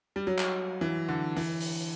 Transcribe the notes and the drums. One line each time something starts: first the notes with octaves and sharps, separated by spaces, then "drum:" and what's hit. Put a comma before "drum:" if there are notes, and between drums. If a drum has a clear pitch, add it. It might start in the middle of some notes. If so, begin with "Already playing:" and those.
G3
F#3
drum: clap
E3
D3
E3, drum: open hi-hat
drum: open hi-hat